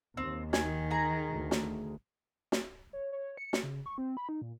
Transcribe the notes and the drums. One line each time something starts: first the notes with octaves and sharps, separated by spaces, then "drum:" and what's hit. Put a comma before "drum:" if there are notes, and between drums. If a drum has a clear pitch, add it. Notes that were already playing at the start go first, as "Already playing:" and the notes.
D#2 C4
D#3 G#4, drum: snare
G#4 A#5
D2
drum: snare
drum: snare
C#5
C#5
C#7
drum: snare
C#3
C#6
C4
B5
D#4
A#2